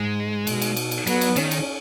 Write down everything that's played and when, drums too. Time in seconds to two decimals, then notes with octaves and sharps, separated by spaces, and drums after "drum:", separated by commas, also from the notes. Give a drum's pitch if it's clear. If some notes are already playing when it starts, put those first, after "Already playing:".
Already playing: G#2 G#3
0.47 B2, drum: cymbal
0.62 drum: cymbal
0.76 drum: cymbal
0.91 drum: cymbal
1.07 F#3 B3, drum: cymbal
1.21 drum: cymbal
1.36 D#3 C#4, drum: cymbal
1.51 drum: cymbal